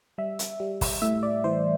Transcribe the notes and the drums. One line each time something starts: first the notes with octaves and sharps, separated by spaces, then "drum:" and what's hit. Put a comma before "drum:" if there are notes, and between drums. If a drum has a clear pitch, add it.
G3 E5
drum: hi-hat
G3
drum: kick, open hi-hat
A2 E5
D5
E3 C5